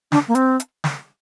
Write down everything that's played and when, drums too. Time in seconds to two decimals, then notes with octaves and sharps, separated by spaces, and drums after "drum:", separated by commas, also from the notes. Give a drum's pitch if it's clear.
0.12 D4, drum: snare
0.28 A#3
0.35 C4, drum: hi-hat
0.60 drum: hi-hat
0.84 drum: snare